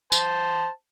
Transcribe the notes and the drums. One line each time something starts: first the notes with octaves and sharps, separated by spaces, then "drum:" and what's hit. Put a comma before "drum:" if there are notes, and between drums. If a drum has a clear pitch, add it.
C5 A5, drum: tambourine